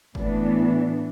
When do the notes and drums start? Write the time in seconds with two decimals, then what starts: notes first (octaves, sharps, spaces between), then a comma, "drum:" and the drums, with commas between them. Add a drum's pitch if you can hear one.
0.15 A2 E3 B3 D4, drum: kick